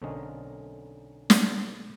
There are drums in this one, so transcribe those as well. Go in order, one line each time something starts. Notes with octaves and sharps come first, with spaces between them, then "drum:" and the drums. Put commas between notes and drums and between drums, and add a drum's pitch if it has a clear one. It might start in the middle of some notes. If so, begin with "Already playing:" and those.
B1 D3 C4 C#4 A#4 D#5
drum: snare